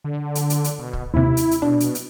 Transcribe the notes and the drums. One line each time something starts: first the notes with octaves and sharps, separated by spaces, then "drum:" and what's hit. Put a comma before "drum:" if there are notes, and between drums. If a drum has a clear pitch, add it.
D3
drum: hi-hat
drum: hi-hat
drum: hi-hat
B2
drum: kick
D#2 C3 E4
drum: hi-hat
drum: hi-hat
B2 D4
drum: hi-hat
drum: hi-hat